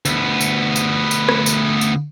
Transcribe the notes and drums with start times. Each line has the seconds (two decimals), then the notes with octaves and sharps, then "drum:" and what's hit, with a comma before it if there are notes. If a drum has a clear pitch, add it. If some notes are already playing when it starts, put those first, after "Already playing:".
0.05 D2 B3, drum: tambourine
0.41 drum: tambourine
0.76 drum: tambourine
1.11 drum: tambourine
1.29 drum: rim click
1.46 drum: tambourine
1.81 drum: tambourine